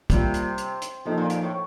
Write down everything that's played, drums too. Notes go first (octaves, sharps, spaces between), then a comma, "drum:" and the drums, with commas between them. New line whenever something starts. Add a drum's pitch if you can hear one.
C3 G3 A#3 F4, drum: kick, hi-hat
drum: hi-hat
drum: hi-hat
drum: hi-hat
C3 F3 A#3 D#4 A4
A#2
A#2, drum: hi-hat
A2